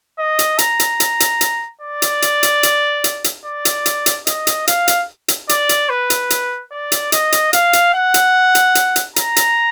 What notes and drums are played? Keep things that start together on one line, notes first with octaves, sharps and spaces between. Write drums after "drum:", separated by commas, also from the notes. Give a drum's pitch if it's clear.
D#5
drum: hi-hat
A#5, drum: hi-hat
drum: hi-hat
drum: hi-hat
drum: hi-hat
drum: hi-hat
D5
drum: hi-hat
drum: hi-hat
drum: hi-hat
drum: hi-hat
drum: hi-hat
drum: hi-hat
D5
drum: hi-hat
drum: hi-hat
drum: hi-hat
D#5, drum: hi-hat
drum: hi-hat
F5, drum: hi-hat
drum: hi-hat
drum: hi-hat
D5, drum: hi-hat
drum: hi-hat
B4
drum: hi-hat
drum: hi-hat
D5
drum: hi-hat
D#5, drum: hi-hat
drum: hi-hat
F5, drum: hi-hat
drum: hi-hat
F#5
drum: hi-hat
drum: hi-hat
drum: hi-hat
drum: hi-hat
A#5, drum: hi-hat
drum: hi-hat